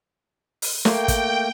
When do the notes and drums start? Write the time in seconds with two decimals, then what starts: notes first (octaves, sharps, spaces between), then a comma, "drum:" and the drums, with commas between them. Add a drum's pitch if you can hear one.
0.62 drum: open hi-hat
0.85 A3 A#3 G5, drum: snare
1.08 drum: kick, hi-hat